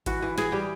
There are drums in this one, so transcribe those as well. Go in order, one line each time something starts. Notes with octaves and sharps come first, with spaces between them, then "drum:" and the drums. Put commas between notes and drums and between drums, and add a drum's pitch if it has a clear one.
E3 F#4, drum: kick G#1, hi-hat
E3
E3 G#4, drum: snare
G3 G4